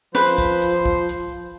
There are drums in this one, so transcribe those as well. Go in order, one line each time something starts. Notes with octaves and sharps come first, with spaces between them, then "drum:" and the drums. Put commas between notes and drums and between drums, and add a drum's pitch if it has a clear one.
F3 B4 C5, drum: snare
drum: kick, hi-hat
drum: hi-hat
drum: kick
drum: hi-hat